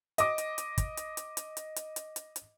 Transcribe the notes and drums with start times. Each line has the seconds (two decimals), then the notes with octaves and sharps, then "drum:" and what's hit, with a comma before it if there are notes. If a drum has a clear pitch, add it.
0.18 D#5 D6, drum: hi-hat
0.38 drum: hi-hat
0.58 drum: hi-hat
0.78 drum: kick, hi-hat
0.97 drum: hi-hat
1.17 drum: hi-hat
1.37 drum: hi-hat
1.57 drum: hi-hat
1.76 drum: hi-hat
1.96 drum: hi-hat
2.16 drum: hi-hat
2.36 drum: hi-hat